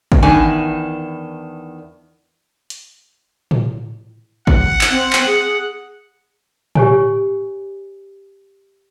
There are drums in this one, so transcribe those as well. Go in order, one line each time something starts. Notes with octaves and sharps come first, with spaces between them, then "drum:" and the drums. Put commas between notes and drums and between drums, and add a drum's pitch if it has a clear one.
drum: kick
E2 D#3 D4 G#5
drum: hi-hat
drum: tom A2
F#5, drum: kick
drum: clap
C4
drum: clap
G#4
G4 C#5 G#5, drum: tom A2